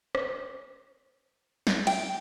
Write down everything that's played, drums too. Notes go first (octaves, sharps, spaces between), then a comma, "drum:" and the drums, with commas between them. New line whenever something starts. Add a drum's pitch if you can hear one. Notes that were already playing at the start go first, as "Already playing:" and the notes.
drum: rim click
drum: snare
G5, drum: cymbal